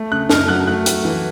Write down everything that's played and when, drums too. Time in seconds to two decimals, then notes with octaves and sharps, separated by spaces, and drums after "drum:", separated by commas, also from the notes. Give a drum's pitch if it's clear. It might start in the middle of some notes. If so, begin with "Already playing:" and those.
Already playing: A3
0.11 C#3 F#6
0.30 F#2 F6, drum: snare
0.48 F#3 F#6
0.67 A3 F#6
0.86 A3, drum: hi-hat
1.05 E3